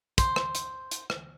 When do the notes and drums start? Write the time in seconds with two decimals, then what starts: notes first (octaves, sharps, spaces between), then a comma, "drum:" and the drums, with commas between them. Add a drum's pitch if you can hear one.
0.18 C5, drum: kick, hi-hat
0.36 drum: rim click
0.55 drum: hi-hat
0.91 drum: hi-hat
1.10 drum: rim click